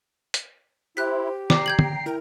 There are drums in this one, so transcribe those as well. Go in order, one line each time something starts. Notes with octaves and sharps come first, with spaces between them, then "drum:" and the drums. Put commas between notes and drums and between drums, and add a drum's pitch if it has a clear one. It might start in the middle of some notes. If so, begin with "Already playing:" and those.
drum: hi-hat
E4 G4 C5 F#6 B6
D5 G5 A#5 D6 C7, drum: snare
G6 G#6 F#7
drum: tom
E4 A#4